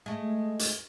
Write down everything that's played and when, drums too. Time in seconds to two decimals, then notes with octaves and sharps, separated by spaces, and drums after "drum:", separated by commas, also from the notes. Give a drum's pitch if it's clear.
0.06 G#3 A3
0.59 drum: hi-hat